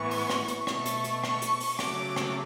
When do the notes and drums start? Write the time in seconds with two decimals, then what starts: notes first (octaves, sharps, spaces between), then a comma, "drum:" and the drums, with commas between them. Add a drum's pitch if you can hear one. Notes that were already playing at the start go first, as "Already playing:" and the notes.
Already playing: A2 E3 B3 C#6
0.11 drum: open hi-hat
0.30 drum: rim click
0.48 drum: hi-hat
0.67 B2 A3 C#6, drum: rim click
0.86 drum: hi-hat
1.04 drum: hi-hat
1.24 C#6, drum: rim click
1.42 drum: hi-hat
1.60 drum: open hi-hat
1.79 C#3 F#3 A3 D6, drum: rim click
2.16 drum: rim click